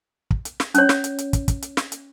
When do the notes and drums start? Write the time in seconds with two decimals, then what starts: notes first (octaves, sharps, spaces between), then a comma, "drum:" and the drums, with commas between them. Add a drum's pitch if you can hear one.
0.31 drum: kick
0.45 drum: hi-hat
0.60 drum: snare
0.75 C#4 C#5, drum: hi-hat
0.89 drum: snare
1.04 drum: hi-hat
1.18 drum: hi-hat
1.33 drum: kick, hi-hat
1.48 drum: kick, hi-hat
1.62 drum: hi-hat
1.77 drum: snare
1.92 drum: hi-hat